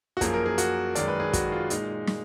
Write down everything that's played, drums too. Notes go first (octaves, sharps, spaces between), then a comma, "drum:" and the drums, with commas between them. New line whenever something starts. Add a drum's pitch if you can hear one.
F#4
F#2 F3 A#3 G#4, drum: kick, hi-hat
A#4
G#4
F#4, drum: hi-hat
F#2 D#3 G#3 D5, drum: hi-hat
B4
G#4
F#4, drum: kick, hi-hat
F4
A#2 G#3 D#4, drum: hi-hat
drum: snare